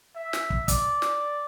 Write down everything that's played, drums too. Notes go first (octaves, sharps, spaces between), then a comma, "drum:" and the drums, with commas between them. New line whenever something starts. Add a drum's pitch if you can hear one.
E5
drum: snare
drum: kick
D5, drum: kick, hi-hat
drum: snare